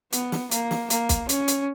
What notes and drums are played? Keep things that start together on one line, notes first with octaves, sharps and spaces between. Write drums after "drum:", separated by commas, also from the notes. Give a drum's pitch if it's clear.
B3, drum: hi-hat
drum: snare
A#3, drum: hi-hat
drum: snare
A#3, drum: hi-hat
drum: kick, hi-hat
C#4, drum: hi-hat
drum: hi-hat